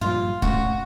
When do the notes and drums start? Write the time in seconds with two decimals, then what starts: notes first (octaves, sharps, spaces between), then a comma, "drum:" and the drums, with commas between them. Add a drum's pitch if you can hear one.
0.01 G2 A#2 F3 F4
0.42 B2 A3 C#4 F#4, drum: kick